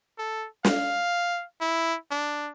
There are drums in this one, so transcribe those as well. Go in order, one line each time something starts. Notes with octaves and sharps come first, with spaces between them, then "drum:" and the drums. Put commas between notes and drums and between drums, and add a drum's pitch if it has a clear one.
A4
F5, drum: snare
E4
D4